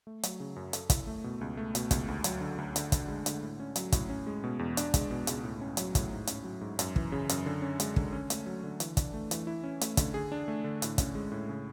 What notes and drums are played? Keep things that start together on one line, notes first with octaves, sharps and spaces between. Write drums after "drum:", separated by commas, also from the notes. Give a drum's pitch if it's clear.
A3
F#3, drum: hi-hat
C#3
F#2
A4, drum: hi-hat
E4, drum: kick, hi-hat
A3
B2
C#2
A3
B2, drum: hi-hat
C#2, drum: kick, hi-hat
D2
F#3, drum: hi-hat
D3
D2
D3, drum: hi-hat
D4, drum: kick, hi-hat
G#3
D3, drum: hi-hat
A2
C#4
F#3, drum: hi-hat
A2, drum: kick, hi-hat
C#4
G#3
B2
E2
D4, drum: hi-hat
G#3, drum: kick, hi-hat
B2
C#2, drum: hi-hat
A2
C#4
F#3, drum: hi-hat
A2, drum: kick, hi-hat
G#2
C#4, drum: hi-hat
F#3
G#2
F#2, drum: hi-hat
E3, drum: kick
C#3
F#2, drum: hi-hat
D3
C#4
G#3, drum: hi-hat
D3, drum: kick
C#4
A3, drum: hi-hat
F#3
D3
E3, drum: hi-hat
D4, drum: kick, hi-hat
A3
E3, drum: hi-hat
E4
C#4
A3, drum: hi-hat
D3, drum: kick, hi-hat
G#4
D4
A3
D3
A2, drum: hi-hat
C#4, drum: kick, hi-hat
G#3
A2
C#3